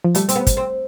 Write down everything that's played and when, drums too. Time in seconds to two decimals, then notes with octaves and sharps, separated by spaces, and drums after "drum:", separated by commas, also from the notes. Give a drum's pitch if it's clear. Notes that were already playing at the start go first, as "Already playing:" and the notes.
0.04 F3
0.15 G3 A3, drum: hi-hat
0.29 C4, drum: hi-hat
0.36 B3
0.47 drum: kick, hi-hat
0.57 C4